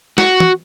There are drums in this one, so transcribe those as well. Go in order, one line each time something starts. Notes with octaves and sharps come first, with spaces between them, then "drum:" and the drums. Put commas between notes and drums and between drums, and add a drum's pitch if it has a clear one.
F#4, drum: snare
drum: tom